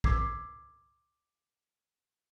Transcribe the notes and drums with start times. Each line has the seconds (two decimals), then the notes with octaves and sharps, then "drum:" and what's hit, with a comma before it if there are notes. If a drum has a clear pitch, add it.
0.04 D6 E6 G#6 B6 C7, drum: kick